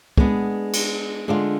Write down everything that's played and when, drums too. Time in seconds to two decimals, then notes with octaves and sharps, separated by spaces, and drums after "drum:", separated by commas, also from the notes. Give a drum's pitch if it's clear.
0.18 G#3 B3 D4, drum: kick
0.73 drum: cymbal
1.28 D3 G#3 D4 F4